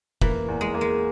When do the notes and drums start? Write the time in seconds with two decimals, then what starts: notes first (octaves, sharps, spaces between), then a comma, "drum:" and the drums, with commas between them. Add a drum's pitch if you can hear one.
0.22 E3 A#3, drum: kick
0.48 E2
0.61 G#3
0.74 A#3
0.81 G#3